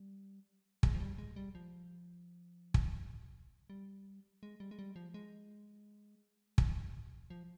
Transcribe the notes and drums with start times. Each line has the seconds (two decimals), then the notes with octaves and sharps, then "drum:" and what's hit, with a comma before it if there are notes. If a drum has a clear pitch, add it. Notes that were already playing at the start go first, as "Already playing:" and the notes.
Already playing: G3
0.83 G#3, drum: kick
0.95 F3
1.00 G3
1.18 G#3
1.36 G3
1.55 F3
2.74 drum: kick
3.70 G3
4.43 G#3
4.60 G3
4.71 G#3
4.79 G3
4.96 F3
5.14 G#3
6.58 drum: kick
7.30 F3